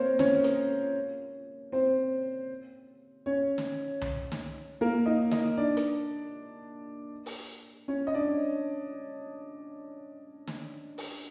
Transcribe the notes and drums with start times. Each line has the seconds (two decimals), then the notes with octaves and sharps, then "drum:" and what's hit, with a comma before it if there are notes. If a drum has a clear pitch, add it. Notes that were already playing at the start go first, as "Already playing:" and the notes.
Already playing: A#3 C4 A#4 C5 C#5
0.19 C#4 C#5, drum: snare
0.44 drum: hi-hat
1.72 C4 C5
3.26 C#4 C#5
3.58 drum: snare
4.01 drum: tom C2
4.32 drum: snare
4.81 A#3 A#4
5.06 D#4 D#5
5.31 D#4 D#5, drum: snare
5.57 D4 D5
5.77 drum: hi-hat
7.26 drum: open hi-hat
7.88 C#4 C#5
8.07 D#5
8.14 D4 D5
10.47 drum: snare
10.98 drum: open hi-hat